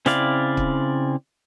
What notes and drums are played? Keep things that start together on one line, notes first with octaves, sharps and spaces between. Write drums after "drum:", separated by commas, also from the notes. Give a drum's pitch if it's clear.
C#3 C4 E4 D5 F5, drum: snare
drum: kick